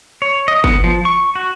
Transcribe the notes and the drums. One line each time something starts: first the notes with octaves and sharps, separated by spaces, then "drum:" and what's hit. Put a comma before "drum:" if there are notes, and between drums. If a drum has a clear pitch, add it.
C#5
D#5
B3, drum: kick G1
F3
C#6
F#4